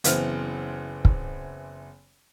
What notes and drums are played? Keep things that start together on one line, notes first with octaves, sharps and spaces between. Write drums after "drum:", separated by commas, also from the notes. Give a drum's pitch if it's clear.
F#1 E3 B3 C4 F6, drum: hi-hat
drum: kick